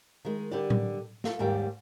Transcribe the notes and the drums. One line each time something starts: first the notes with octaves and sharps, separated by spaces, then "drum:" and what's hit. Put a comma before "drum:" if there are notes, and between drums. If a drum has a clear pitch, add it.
D#3 G#3
D3 G3 G4 D5
drum: tom A2
F4 A4, drum: snare
D#2 G#2 D#3 G3 G5